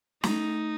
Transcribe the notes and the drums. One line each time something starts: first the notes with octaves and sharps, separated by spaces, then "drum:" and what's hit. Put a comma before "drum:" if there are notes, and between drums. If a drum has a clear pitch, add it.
A3 D#4, drum: snare